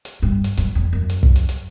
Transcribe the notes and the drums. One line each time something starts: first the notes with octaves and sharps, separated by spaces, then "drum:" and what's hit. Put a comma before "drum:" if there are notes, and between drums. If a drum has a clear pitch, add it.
drum: hi-hat
G2
drum: hi-hat
F#2, drum: hi-hat
E2
F#2
drum: hi-hat
drum: kick
drum: hi-hat
drum: hi-hat